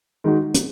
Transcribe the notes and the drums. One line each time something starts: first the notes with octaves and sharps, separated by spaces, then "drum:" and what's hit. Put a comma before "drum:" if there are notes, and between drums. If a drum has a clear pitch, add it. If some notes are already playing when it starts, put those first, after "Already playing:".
D#3 G#3 D#4 F#4
drum: hi-hat